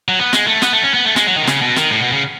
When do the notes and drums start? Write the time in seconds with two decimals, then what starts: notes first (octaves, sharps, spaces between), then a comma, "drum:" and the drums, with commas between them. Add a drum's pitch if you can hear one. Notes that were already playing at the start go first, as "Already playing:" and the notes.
0.08 F#3
0.19 B3
0.33 G#3, drum: snare
0.47 A3
0.62 B3, drum: snare
0.73 A3
0.83 C#4
0.94 B3
1.05 A3
1.16 G#3, drum: snare
1.26 F#3
1.37 D#3
1.43 B2
1.47 C#3, drum: snare
1.62 B2
1.76 D#3, drum: snare
1.91 A2
2.02 B2
2.12 C#3